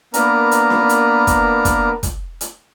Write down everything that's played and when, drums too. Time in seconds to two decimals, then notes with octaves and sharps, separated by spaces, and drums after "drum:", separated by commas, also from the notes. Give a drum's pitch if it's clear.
0.14 A#3 B3 D4 A#4 B4 A#5, drum: hi-hat
0.51 drum: hi-hat
0.70 drum: snare
0.89 drum: hi-hat
1.27 drum: kick, hi-hat
1.65 drum: kick, hi-hat
2.03 drum: kick, hi-hat
2.41 drum: hi-hat